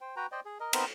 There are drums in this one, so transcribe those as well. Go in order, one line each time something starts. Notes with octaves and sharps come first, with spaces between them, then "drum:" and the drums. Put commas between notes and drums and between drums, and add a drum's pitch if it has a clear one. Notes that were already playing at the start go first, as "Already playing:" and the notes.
C5 G5
F#4 B4 G5 A#5
C5 D5 D#5 G5
G#4
A#4 D#5
B3 C4 D#4 A#4, drum: cymbal